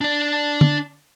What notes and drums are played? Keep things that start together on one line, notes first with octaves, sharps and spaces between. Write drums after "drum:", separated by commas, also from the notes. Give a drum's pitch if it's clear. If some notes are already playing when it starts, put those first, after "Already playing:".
D4 D5
drum: tom